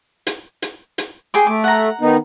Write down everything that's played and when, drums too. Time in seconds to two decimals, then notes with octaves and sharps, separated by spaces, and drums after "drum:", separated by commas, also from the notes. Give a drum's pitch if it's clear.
0.27 drum: hi-hat
0.62 drum: hi-hat
0.98 drum: hi-hat
1.34 G#4 G5 D6
1.47 A3 D6
1.64 F#5 A#5
2.01 D#3 B3 D#4